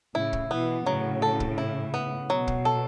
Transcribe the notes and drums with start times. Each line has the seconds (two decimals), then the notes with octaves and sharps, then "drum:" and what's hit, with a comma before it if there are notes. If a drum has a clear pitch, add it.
0.15 A2 C#3 E4
0.33 drum: kick
0.50 B2 E3 B3
0.86 A2 C#3 F#3
1.22 A4
1.40 drum: kick
1.58 E4
1.94 B3
2.30 B2 F#3
2.48 drum: kick
2.65 A4